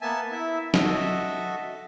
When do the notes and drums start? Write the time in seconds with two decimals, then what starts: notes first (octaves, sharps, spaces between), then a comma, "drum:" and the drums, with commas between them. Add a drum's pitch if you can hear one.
0.01 A#3 B3 E5 G#5 A5
0.31 E4 E5
0.74 F#4 A4 D#5 E5, drum: snare